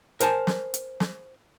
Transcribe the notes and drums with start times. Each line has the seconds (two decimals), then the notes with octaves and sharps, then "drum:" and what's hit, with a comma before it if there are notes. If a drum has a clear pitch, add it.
0.20 A#4 C5 G#5 A5, drum: hi-hat
0.47 drum: snare
0.74 drum: hi-hat
1.00 drum: snare